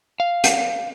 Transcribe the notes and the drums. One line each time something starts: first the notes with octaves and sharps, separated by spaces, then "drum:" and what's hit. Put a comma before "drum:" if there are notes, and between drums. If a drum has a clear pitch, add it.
F5
drum: hi-hat